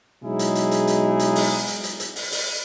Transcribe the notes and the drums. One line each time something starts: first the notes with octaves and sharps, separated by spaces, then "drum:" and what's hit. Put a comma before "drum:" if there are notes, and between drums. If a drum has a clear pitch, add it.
B2 F#3 G#3 D#4 E4 G#4
drum: hi-hat
drum: hi-hat
drum: hi-hat
drum: hi-hat
drum: hi-hat
drum: open hi-hat
drum: hi-hat
drum: hi-hat
drum: hi-hat
drum: open hi-hat
drum: open hi-hat